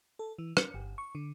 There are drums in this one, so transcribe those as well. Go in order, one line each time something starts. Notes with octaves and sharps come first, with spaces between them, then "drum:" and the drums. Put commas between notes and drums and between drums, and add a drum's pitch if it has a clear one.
A4
E3
C#7, drum: rim click
G1
C#6
D3